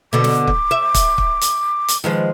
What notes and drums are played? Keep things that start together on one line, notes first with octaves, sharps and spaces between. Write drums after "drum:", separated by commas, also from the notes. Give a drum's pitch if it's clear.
B2 D3 D6
drum: snare
drum: kick
E5
drum: kick, hi-hat
drum: kick
drum: hi-hat
drum: hi-hat
D#3 F3 G#3 B4